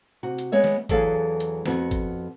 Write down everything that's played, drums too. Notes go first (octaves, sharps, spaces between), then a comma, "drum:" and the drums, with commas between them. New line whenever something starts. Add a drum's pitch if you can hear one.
C3 F#4
drum: hi-hat
G#3 B3 C#5 E5
drum: snare
E2 E3 F#3 G#4 A4 F5, drum: kick, hi-hat
drum: hi-hat
F2 B3 F#4, drum: snare
drum: kick, hi-hat